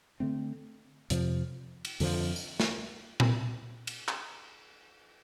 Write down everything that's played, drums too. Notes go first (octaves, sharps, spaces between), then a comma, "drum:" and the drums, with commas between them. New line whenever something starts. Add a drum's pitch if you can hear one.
D3 A3 C4
F2 C3 F3, drum: hi-hat
drum: cymbal
F2 D3 F3, drum: open hi-hat
drum: tambourine
drum: snare
drum: tom A#2
drum: cymbal
drum: clap